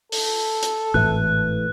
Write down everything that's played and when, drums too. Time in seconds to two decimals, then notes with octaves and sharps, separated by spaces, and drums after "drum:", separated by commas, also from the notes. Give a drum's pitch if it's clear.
0.12 A4, drum: open hi-hat
0.63 drum: hi-hat
0.94 G#1 A2 E3 F#6